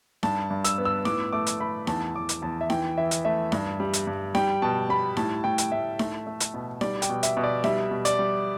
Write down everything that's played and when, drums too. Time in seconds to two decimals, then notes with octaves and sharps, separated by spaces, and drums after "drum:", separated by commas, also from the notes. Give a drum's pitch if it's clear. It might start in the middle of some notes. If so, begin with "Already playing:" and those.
0.23 G2 A5, drum: snare D#4
0.50 G2
0.64 E6, drum: hi-hat
0.78 B3
0.85 E6
1.05 A2 D6, drum: snare D#4
1.33 A3 D6
1.47 drum: hi-hat
1.60 A3 B5
1.87 E2 A5, drum: snare D#4
2.15 E2 D6
2.29 drum: hi-hat
2.42 E2 A5
2.61 E5
2.70 E3 G5, drum: snare D#4
2.97 E3 E5
3.11 drum: hi-hat
3.25 A3 E5
3.52 G2, drum: snare D#4
3.80 G3
3.93 drum: hi-hat
4.07 G2
4.35 G3 G5, drum: snare D#4
4.62 B2 A5
4.89 G3 B5
5.17 A2 A5, drum: snare D#4
5.44 A2 G5
5.58 drum: hi-hat
5.72 A2 E5
5.99 A3, drum: snare D#4
6.27 A3
6.40 drum: hi-hat
6.54 B2
6.81 G3 D5, drum: snare D#4
7.02 G5, drum: hi-hat
7.09 B2
7.23 E5, drum: hi-hat
7.37 B2
7.44 D5
7.64 G3 E5, drum: snare D#4
7.91 B2
8.05 D5, drum: hi-hat
8.19 G3